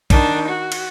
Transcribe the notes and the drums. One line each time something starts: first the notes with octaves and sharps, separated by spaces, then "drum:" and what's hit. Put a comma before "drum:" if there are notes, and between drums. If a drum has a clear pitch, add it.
D#3 D4, drum: kick, cymbal
F#4
drum: cymbal